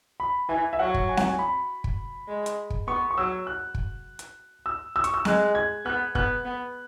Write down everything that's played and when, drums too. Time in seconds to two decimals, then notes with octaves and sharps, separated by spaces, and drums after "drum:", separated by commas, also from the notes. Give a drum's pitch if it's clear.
0.20 B5
0.49 E3 G#5
0.73 E5
0.79 F#3 F#5
0.94 drum: kick
1.09 G#5
1.17 F#5, drum: snare C4
1.26 G#5
1.39 B5
1.84 drum: kick
2.28 G#3
2.46 drum: hi-hat
2.70 drum: kick
2.88 B3 C#6
3.11 C#6
3.17 F#3 E6
3.47 F#6
3.75 drum: kick
4.19 drum: hi-hat
4.66 E6
4.96 E6
5.04 C#6, drum: hi-hat
5.14 E6
5.25 G#3 F#6, drum: snare C4
5.55 G#6
5.85 B3 F#6
6.15 B3 F#6, drum: kick
6.45 B3